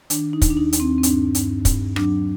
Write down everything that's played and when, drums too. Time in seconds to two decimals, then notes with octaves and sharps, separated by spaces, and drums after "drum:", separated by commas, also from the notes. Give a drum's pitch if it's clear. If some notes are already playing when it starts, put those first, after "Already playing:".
0.10 D#3 D4, drum: hi-hat
0.33 D#4
0.42 D#2, drum: kick, hi-hat
0.50 D4
0.57 D#4
0.73 D#2, drum: hi-hat
0.80 C4
0.98 C4
1.03 G2 D4, drum: hi-hat
1.35 G2, drum: hi-hat
1.65 G2, drum: kick, hi-hat
1.96 F#3 D4, drum: rim click